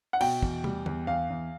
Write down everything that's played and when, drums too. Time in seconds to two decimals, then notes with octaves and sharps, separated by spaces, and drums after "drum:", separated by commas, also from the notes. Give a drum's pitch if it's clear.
0.13 F#5
0.21 B2 G5, drum: cymbal
0.43 E2, drum: kick
0.64 G3, drum: tom
0.86 E2, drum: tom
1.07 E2 F5
1.30 E2